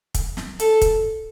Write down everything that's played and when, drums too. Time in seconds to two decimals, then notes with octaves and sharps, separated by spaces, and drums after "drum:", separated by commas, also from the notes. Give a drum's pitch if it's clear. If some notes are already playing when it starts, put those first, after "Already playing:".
0.14 drum: kick, hi-hat
0.37 drum: snare
0.60 A4, drum: hi-hat
0.81 drum: kick, hi-hat